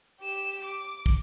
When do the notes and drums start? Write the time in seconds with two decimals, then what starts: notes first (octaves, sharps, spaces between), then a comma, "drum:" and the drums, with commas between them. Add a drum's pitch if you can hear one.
0.21 G4 E7
0.65 D6
1.06 drum: kick